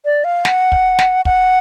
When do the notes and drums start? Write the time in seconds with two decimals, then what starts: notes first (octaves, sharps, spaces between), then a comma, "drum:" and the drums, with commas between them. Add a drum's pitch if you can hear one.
0.05 D5
0.24 F5
0.45 F#5, drum: snare
0.72 drum: kick
0.99 drum: snare
1.25 F#5, drum: kick